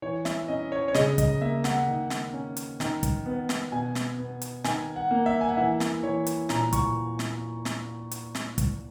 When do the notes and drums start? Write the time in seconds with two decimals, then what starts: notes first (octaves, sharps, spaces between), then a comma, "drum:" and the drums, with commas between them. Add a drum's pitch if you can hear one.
0.02 E3 C#5
0.25 E5, drum: snare
0.48 C#4 D#5
0.72 C#5
0.88 C#5
0.94 C#3 D#5, drum: snare
1.18 D#5, drum: kick, hi-hat
1.41 A#3 E5
1.64 F#5, drum: snare
1.88 D#3
2.10 drum: snare
2.33 C#4
2.57 drum: hi-hat
2.80 D#3, drum: snare
3.03 drum: kick, hi-hat
3.26 B3
3.49 drum: snare
3.72 B2 G#5
3.95 drum: snare
4.18 B3
4.42 drum: hi-hat
4.64 D#3 G#5, drum: snare
4.96 F#5
5.11 A#3
5.26 E5
5.41 G#5
5.49 F#5
5.57 E3 E5
5.80 drum: snare
6.03 E3 C#5
6.26 drum: hi-hat
6.49 A#2 A#5, drum: snare
6.73 C#6, drum: kick, hi-hat
7.19 drum: snare
7.65 drum: snare
8.11 drum: hi-hat
8.35 drum: snare
8.58 drum: kick, hi-hat